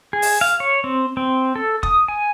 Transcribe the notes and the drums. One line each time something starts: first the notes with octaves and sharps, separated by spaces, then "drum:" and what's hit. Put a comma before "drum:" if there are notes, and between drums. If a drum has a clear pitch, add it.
G#4
drum: open hi-hat
F5
C#5
C4
C4
A4
D#6, drum: kick
G#5